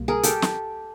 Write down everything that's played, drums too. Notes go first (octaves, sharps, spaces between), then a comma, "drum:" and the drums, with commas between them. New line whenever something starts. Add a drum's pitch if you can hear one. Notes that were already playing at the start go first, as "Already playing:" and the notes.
Already playing: C2 B2 G3 A#3
G#4 A#4
G4 A4, drum: hi-hat
drum: snare